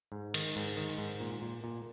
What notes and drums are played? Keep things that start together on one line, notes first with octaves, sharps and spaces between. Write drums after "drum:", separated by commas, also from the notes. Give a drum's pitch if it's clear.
G#2
D#3, drum: cymbal
G#2
D#3
G#2
A#2
A#2
A#2